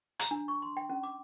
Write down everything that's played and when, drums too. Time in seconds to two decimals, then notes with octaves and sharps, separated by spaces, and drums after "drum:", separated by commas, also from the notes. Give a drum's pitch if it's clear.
0.19 A#5, drum: hi-hat
0.31 D4
0.48 C#6
0.62 C6
0.77 G5
0.90 C#4
1.03 D6